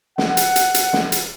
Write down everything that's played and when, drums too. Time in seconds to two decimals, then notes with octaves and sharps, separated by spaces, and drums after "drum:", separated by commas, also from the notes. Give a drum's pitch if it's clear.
0.18 F#5, drum: snare
0.37 drum: hi-hat
0.56 drum: hi-hat
0.74 drum: hi-hat
0.93 drum: snare
1.12 drum: hi-hat